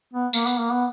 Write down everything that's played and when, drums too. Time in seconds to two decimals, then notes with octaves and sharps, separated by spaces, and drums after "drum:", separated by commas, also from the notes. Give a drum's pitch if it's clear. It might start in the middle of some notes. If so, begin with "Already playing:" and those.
0.14 B3
0.33 A#3, drum: tambourine
0.47 B3, drum: tambourine
0.60 A#3
0.72 B3